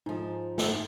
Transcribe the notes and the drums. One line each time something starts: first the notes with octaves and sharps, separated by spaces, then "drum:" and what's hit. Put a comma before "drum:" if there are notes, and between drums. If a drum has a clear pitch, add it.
G#2 F3 D#4
drum: snare